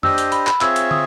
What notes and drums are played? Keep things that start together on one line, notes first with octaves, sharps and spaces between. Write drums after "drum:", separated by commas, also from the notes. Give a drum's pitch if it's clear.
D4 G4 C5 D#5 E6, drum: tom F2
drum: hi-hat
B5, drum: hi-hat
B5, drum: clap
C4 F4 G#4 C#5 E5 E6, drum: clap
drum: hi-hat
D#6, drum: tom